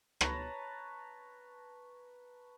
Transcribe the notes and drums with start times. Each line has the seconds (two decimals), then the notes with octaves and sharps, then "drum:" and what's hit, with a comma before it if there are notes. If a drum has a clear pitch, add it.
0.21 B4 C#5 A5 A#5, drum: rim click